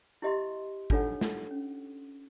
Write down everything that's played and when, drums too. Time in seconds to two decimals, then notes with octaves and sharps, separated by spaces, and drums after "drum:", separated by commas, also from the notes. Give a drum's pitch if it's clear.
0.22 E4 G4 D#5 E5 C6
0.90 D4 D#4 F4 A4 C#5 F#5, drum: kick G#1
1.21 drum: snare
1.51 C#4